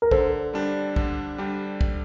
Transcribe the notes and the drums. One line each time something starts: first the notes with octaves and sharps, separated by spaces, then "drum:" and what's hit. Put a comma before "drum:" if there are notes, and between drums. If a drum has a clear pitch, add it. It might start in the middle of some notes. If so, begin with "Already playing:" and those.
A#4
D3 A4 C5, drum: kick
G3 D4 G4
D3, drum: kick
G3 D4 G4
drum: kick